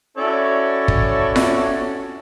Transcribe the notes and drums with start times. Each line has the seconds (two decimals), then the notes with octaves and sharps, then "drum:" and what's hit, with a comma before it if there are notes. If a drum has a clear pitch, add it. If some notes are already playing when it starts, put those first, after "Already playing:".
0.17 C#4 E4 F#4 A4 C#5 D5
0.88 drum: kick
1.36 drum: snare F4